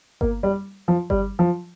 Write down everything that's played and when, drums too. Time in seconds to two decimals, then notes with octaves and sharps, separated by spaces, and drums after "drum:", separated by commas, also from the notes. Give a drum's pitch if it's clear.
0.21 A#3, drum: kick G1
0.43 G3
0.88 F3
1.10 G3, drum: kick G1
1.39 F3